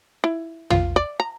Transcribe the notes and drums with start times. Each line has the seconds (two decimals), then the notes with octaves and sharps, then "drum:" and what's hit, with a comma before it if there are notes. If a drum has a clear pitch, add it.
0.24 E4
0.70 F4, drum: tom
0.96 D5
1.20 A#5